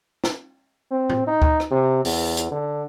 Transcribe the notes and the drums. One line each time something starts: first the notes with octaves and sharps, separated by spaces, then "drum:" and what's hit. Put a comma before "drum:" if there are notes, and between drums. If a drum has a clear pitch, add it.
drum: snare
C4
drum: tom A2
D#4
drum: kick D2
drum: rim click
C3
E2, drum: open hi-hat
drum: hi-hat
D3